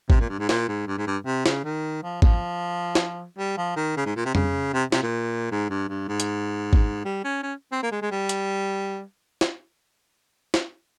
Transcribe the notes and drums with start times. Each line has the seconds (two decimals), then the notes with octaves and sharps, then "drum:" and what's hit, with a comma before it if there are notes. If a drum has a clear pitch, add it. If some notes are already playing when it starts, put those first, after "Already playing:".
0.10 C3, drum: kick G#1
0.20 A#2
0.29 G2
0.39 G#2
0.49 A#2, drum: snare
0.68 G#2
0.87 G2
0.98 G#2
1.07 G2
1.26 C3
1.46 C#3, drum: snare
1.64 D#3
2.03 F3
2.22 F3, drum: kick G#1
2.95 drum: snare
3.38 G3
3.57 F3
3.76 D#3
3.97 C#3
4.06 G#2
4.16 A#2
4.25 C3
4.35 C#3, drum: tom F2
4.74 C3
4.92 C3, drum: snare
5.03 A#2
5.51 G#2
5.70 G2
5.89 G2
6.09 G#2
6.20 drum: hi-hat
6.73 drum: kick G#1
7.05 G3
7.24 C#4
7.43 C#4
7.72 C4
7.83 A#3
7.92 G#3
8.02 G#3
8.11 G3
8.29 drum: hi-hat
9.41 drum: snare
10.54 drum: snare